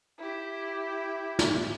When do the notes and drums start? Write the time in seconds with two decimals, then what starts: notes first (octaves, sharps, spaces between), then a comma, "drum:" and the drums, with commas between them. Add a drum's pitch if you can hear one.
0.18 E4 G4
1.39 drum: snare